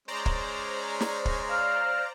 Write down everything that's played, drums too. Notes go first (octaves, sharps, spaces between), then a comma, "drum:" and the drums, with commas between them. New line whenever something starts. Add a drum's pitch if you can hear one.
G#3 C#4 C5 D5 A#5
drum: kick
drum: snare
drum: kick
F5